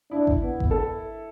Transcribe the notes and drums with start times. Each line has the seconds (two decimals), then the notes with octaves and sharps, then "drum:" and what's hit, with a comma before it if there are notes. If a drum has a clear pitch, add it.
0.11 D4 E4
0.27 drum: kick G1
0.43 B3
0.60 drum: kick G1
0.71 A4